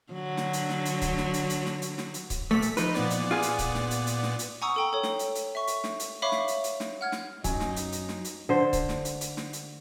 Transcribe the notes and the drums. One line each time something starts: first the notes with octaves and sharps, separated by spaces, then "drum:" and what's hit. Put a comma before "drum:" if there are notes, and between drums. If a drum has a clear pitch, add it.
D3 F#3
drum: snare
drum: hi-hat
drum: snare
drum: hi-hat
drum: kick C#1, hi-hat
drum: snare
drum: hi-hat
drum: hi-hat
drum: snare
drum: hi-hat
drum: snare
drum: hi-hat
drum: kick C#1, hi-hat
A#2 A3 B6
drum: hi-hat
F3 D#4 B4, drum: hi-hat
A#2 B3 D5, drum: snare
drum: hi-hat
F4 G#4
drum: hi-hat
drum: kick C#1, hi-hat
drum: snare
drum: hi-hat
drum: hi-hat
drum: snare
drum: hi-hat
F#5 G#5 A#5 C#6 D#6 E6
A4 G5 A#5
A4 C#5
drum: snare
drum: hi-hat
drum: hi-hat
E5 C#6
drum: hi-hat
drum: snare
drum: hi-hat
C#5 E5 F5 B5 C#6 D6
drum: snare
drum: hi-hat
drum: hi-hat
drum: snare
F#5 F6 G#6
drum: snare
F#2 F#3 D#4 G#5, drum: kick C#1, hi-hat
drum: snare
drum: hi-hat
drum: hi-hat
drum: snare
drum: hi-hat
D3 C5
drum: kick C#1, hi-hat
drum: snare
drum: hi-hat
drum: hi-hat
drum: snare
drum: hi-hat